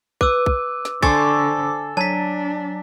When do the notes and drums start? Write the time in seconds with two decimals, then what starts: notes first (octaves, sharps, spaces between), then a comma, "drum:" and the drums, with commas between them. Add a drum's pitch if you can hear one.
0.21 B4 D6 E6, drum: kick
0.46 drum: kick
0.85 drum: snare
1.03 D3 A4 C5 G#5 C#6 D6 A6, drum: kick
1.97 F#3 D4 A5 B6